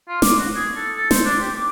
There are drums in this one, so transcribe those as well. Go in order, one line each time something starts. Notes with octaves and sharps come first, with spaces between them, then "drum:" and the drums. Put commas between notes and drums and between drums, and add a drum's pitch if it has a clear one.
F4
D6, drum: snare
F#4
G#4
A4
A4
C5, drum: snare
D4
G4
D6